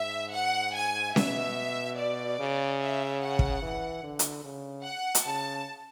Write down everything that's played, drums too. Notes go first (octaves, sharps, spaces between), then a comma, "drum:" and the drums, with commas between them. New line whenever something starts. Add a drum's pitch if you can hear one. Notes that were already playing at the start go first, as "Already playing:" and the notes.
Already playing: G#2 E5
F#5
G#5
B2 E5, drum: snare C#4
D5
C#3
E5
F#5
drum: kick
E3
D3
drum: hi-hat
C#3
F#5
drum: hi-hat
C#3 A5